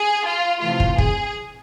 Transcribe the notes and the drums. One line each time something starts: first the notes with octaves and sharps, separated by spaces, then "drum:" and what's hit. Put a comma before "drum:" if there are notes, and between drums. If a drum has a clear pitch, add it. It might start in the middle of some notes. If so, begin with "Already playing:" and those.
Already playing: G#4
F4
C3 E3 A3 F4
drum: kick
G#4, drum: kick